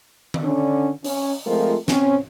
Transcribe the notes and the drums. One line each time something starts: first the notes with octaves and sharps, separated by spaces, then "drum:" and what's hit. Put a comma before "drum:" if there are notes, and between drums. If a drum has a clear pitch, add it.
drum: tom D#3
D3 C#4 D4
C#4, drum: open hi-hat
F3 G#3 A3 C4 F4 A#4
C4 C#4, drum: snare